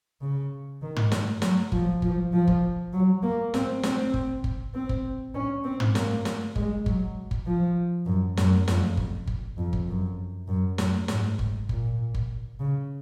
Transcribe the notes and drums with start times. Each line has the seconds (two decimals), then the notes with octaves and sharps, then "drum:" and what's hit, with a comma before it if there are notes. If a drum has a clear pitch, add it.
0.21 C#3
0.82 D#3
0.96 drum: tom
1.12 drum: snare
1.42 F#3, drum: snare
1.72 F3, drum: kick G1
2.02 F3, drum: kick G1
2.33 F3
2.48 drum: kick G1
2.93 F#3
3.23 A#3
3.54 C4, drum: snare
3.83 C4, drum: snare
4.14 drum: kick G1
4.44 drum: kick G1
4.74 C4
4.89 drum: kick G1
5.34 C#4
5.64 C4
5.80 drum: tom
5.95 A#3, drum: snare
6.25 drum: snare
6.56 G#3, drum: kick G1
6.86 F#3, drum: kick G1
7.31 drum: kick G1
7.46 F3
8.06 F#2
8.37 F#2, drum: snare
8.68 F2, drum: snare
8.97 drum: kick G1
9.27 drum: kick G1
9.58 F2
9.73 drum: kick G1
9.88 F#2
10.48 F#2
10.78 F#2, drum: snare
11.08 G#2, drum: snare
11.39 drum: kick G1
11.69 A#2, drum: kick G1
12.15 drum: kick G1
12.59 C#3